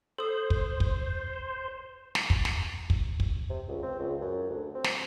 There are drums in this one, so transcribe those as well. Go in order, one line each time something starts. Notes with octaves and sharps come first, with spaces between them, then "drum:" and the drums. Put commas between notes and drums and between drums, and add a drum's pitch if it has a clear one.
A4 C5 D#6
drum: kick
drum: kick
drum: snare
drum: kick
drum: snare
drum: kick
drum: kick
C3
C#2
C4
C#2
F#2
D2
C4
drum: snare